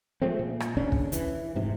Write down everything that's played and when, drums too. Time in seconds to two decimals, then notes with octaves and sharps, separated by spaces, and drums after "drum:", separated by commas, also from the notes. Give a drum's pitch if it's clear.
0.22 F3 G#3 A3 C4
0.39 A#2
0.60 drum: rim click
0.77 D#2 C#3 C#4 D4
0.92 drum: kick
1.12 E3, drum: hi-hat
1.56 F1 G#2 C3